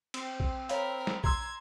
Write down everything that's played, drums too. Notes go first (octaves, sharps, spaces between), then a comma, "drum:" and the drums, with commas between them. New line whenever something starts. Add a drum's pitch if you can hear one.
C4, drum: cymbal
drum: kick A#1
A#4 C#5 F5 B5, drum: hi-hat
drum: snare
A#5 C6 E6 G#6, drum: kick A#1